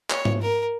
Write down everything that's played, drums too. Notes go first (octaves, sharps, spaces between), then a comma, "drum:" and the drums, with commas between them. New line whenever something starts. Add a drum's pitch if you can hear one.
C#5, drum: clap
drum: tom G#2
A#4